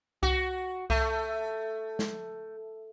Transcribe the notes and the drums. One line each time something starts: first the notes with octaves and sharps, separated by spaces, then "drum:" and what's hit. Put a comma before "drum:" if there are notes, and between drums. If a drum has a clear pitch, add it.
F#4, drum: kick C2
A3, drum: kick C2
drum: snare